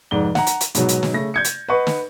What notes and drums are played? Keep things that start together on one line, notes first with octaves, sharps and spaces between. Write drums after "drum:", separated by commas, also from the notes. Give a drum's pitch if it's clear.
F1 G#2 D5 G7
F#5 A#5, drum: snare
drum: hi-hat
drum: hi-hat
G#2 B2 F#3, drum: hi-hat
drum: hi-hat
drum: snare
C#3 A3 A#6
G6 G#6 C#7
drum: hi-hat
B4 D#5 F#5 C#6
drum: snare